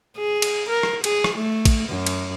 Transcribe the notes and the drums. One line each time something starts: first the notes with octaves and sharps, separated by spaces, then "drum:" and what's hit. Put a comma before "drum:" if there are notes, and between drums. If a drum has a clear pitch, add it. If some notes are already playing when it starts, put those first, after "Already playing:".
G#4
drum: cymbal
A#4
drum: rim click
G#4, drum: cymbal
drum: rim click
A3
drum: kick, cymbal
F#2
drum: cymbal